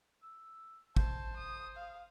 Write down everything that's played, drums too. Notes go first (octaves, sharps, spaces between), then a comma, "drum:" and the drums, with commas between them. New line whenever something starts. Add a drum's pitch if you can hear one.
E6
C5 A5, drum: kick
D#6
F5